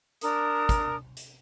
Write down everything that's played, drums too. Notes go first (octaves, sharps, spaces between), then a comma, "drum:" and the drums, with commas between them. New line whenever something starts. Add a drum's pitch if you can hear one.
D4 A#4 D#6, drum: hi-hat
drum: kick, hi-hat
drum: hi-hat